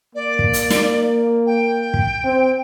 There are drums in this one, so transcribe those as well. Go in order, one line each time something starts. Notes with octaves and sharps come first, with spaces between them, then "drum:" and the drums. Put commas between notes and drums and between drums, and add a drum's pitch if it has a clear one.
A#3 D5
drum: kick
drum: hi-hat
drum: snare
G5
drum: kick
C4